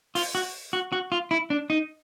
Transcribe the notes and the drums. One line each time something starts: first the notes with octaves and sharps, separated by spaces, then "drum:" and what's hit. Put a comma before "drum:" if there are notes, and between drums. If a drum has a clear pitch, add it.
F4, drum: open hi-hat
F#4
F#4
F#4
F4
E4
D4
D#4